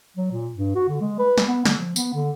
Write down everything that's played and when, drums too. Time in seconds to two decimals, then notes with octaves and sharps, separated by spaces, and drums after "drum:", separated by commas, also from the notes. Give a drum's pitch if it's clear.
0.17 F#3
0.32 A#2
0.56 G2
0.75 F#4
0.88 D3
1.01 G#3
1.19 B4
1.38 drum: snare
1.47 B3
1.65 D3, drum: snare
1.78 F3
1.96 B3, drum: tambourine
2.14 D3